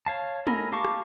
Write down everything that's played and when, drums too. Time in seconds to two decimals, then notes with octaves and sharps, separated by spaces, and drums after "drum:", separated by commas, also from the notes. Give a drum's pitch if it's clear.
0.06 C#5 F5 A5
0.47 A4 A#4 D#5 G#5 B5, drum: tom
0.72 G4 F5 A5 C#6 D6
0.85 drum: rim click